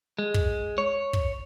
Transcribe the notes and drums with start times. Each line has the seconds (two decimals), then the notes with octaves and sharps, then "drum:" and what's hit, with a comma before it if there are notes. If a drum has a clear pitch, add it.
0.19 G#3
0.34 drum: kick
0.78 C#5
1.13 drum: kick